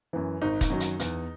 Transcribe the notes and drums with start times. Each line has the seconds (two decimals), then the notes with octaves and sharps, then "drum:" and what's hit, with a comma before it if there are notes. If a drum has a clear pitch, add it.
0.13 F#2 E3
0.42 G#1 D#4
0.61 drum: kick E1, hi-hat
0.70 F#2 D#3 F#3
0.80 drum: hi-hat
0.99 E2, drum: hi-hat